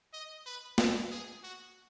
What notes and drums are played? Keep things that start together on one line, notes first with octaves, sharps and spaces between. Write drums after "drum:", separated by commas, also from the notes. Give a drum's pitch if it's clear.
D#5
B4
A4, drum: snare
G#4
F#4